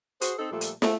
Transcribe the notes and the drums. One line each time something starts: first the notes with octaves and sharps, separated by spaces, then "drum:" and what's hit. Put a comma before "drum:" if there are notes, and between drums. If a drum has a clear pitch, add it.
F#4 G#4 C5, drum: hi-hat
C4 D#4 A4
A#2 F3 G3 A3 A4
drum: hi-hat
A3, drum: snare